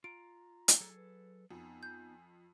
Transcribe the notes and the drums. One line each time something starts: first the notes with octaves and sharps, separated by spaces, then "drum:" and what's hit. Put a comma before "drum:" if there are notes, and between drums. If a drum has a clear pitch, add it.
F4 A#5 D7
drum: hi-hat
F#3 G#4 A4
B4
F2 B3 D#4 G#5
G6